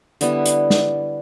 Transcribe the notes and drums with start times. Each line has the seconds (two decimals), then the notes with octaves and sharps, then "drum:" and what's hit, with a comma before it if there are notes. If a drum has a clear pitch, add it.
0.21 D3 G3 B3 E4, drum: hi-hat
0.46 drum: hi-hat
0.70 drum: snare